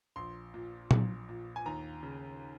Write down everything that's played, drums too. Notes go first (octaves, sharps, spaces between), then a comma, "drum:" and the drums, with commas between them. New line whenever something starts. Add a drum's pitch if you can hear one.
A#1 C6
A#2
A#1, drum: tom A#2
A#2
G#5
D#2 A#5
C#3